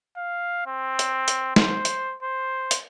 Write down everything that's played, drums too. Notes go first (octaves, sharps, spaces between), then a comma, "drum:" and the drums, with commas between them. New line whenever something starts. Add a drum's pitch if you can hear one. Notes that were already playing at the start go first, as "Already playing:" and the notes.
F5
C4
drum: hi-hat
drum: hi-hat
C5, drum: snare
drum: hi-hat
C5
drum: hi-hat